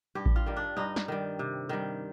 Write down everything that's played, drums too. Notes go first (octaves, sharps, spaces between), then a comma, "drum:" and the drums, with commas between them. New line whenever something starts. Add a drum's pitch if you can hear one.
G2 G4
drum: kick A1
F4
D#3 G3
D4
G2 D#4
drum: snare
D#3 G3
C3
D#3 G3